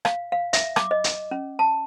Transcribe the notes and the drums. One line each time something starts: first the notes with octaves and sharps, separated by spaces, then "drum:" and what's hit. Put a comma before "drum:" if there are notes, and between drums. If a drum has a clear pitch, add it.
F5, drum: rim click
F5
E5, drum: hi-hat
D6, drum: rim click
D#5
drum: hi-hat
C#4
A5